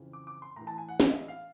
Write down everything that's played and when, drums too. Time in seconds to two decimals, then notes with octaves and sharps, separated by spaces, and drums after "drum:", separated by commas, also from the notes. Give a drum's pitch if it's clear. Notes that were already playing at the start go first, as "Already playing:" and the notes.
Already playing: F2 C#3 E3
0.13 D6
0.27 D6
0.42 C6
0.56 A2 E3 A#5
0.67 A5
0.78 G#5
0.89 F#5
1.00 F5, drum: snare
1.09 D#5
1.14 E5
1.28 F5